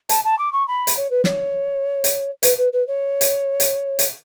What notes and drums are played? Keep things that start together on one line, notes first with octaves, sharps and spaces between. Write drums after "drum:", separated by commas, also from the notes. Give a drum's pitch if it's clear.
A5, drum: hi-hat
A5
D6
C#6
B5
drum: hi-hat
C#5
B4
C#5, drum: snare
drum: hi-hat
B4, drum: hi-hat
B4
B4
C#5
drum: hi-hat
drum: hi-hat
drum: hi-hat